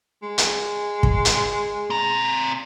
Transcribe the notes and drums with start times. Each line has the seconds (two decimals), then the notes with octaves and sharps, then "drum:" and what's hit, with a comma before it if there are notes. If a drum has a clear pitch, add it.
0.22 G#3
0.38 drum: hi-hat
1.03 drum: kick
1.25 drum: hi-hat
1.90 C4 A#5